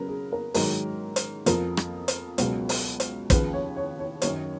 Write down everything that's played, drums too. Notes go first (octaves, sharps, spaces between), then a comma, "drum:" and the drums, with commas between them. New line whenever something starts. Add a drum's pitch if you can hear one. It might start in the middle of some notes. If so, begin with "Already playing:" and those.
Already playing: C#3 F#3 A#4 B4
G#4
A#4
G#2 D#3 F#3 A#4, drum: open hi-hat
drum: hi-hat
F2 F3 A#4, drum: hi-hat
drum: rim click
drum: hi-hat
C#2 B2 F#3, drum: hi-hat
drum: open hi-hat
drum: hi-hat
D#2 C#3 F3 B4, drum: kick, hi-hat
C#5
C#5
C#5
F#2 D#3 F#3 C#5, drum: hi-hat